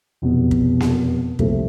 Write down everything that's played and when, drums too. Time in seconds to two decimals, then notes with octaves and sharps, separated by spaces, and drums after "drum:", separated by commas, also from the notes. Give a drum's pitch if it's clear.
0.22 F1 E2 B2
0.51 drum: kick
0.80 drum: snare A#3
1.39 C2 A#2 F3 A3, drum: kick